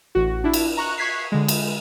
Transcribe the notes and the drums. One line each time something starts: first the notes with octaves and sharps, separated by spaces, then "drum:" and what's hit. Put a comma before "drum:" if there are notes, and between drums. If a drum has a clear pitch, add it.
A1 F#4
D4 E4
drum: cymbal
A#5 C#6 F#6
C#6 F#6 G#6 B6 C7
D3 G#3
drum: cymbal